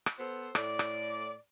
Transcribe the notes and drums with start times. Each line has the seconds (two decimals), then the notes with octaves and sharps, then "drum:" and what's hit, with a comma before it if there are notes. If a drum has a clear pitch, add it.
0.06 drum: rim click
0.18 B3 A4 C5
0.55 A2 D5, drum: rim click
0.79 drum: rim click